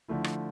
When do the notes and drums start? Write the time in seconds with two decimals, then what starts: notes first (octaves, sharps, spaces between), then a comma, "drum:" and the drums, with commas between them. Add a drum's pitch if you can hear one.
0.08 D3 F3 A3 E4
0.24 drum: rim click